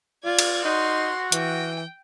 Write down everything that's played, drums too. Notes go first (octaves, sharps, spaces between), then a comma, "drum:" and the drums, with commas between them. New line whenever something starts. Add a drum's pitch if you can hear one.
F4 D5 G#6
drum: cymbal
D#4 F#4 C6
E3 G5, drum: hi-hat